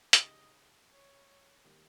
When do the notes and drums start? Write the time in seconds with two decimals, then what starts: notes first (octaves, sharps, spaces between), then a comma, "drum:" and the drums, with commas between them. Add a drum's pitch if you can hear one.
0.13 C#3 G#3 D#4 G4 D#5, drum: hi-hat
0.89 C#5
1.64 D#3 G3 A#3